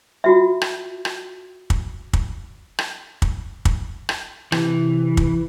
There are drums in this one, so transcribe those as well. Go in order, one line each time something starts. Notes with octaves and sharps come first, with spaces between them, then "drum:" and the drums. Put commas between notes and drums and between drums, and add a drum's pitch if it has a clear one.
F4 F#4 E5
drum: rim click
drum: rim click
drum: kick
drum: kick
drum: rim click
drum: kick
drum: kick
drum: rim click
C3 E3, drum: rim click
drum: kick